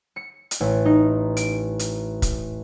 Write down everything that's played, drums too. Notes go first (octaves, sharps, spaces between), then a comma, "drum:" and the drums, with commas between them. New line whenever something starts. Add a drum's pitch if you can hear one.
C#7
drum: hi-hat
A1
D#4
D7, drum: hi-hat
drum: hi-hat
drum: kick, hi-hat